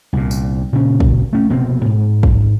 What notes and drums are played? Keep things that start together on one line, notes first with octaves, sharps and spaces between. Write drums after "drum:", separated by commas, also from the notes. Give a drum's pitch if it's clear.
C2 A#2
drum: tambourine
A#2 C#3 C#4
drum: kick
A3 C#4
F1 B2 A#3 C4
G#2
drum: kick